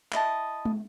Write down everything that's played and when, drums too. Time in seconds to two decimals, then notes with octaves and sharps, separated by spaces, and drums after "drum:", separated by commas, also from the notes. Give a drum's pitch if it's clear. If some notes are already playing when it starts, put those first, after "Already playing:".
0.12 E4 D#5 A5, drum: clap
0.65 drum: tom